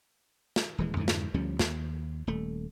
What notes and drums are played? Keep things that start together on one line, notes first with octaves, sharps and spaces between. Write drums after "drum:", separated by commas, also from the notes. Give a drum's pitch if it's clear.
drum: snare
D#1 E3 G#3
F2 G#2 D3 E3
drum: snare
D2 F3 G3 C#4
D#2, drum: snare
D#1 A3